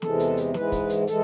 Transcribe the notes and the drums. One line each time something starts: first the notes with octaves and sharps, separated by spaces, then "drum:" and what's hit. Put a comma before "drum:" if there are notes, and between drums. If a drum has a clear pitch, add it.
E2 C3 E3 G#3 A4, drum: snare
drum: hi-hat
drum: hi-hat
G#2 E3 G#3 B4, drum: snare
drum: kick, hi-hat
drum: hi-hat
E3 G#3 A4, drum: hi-hat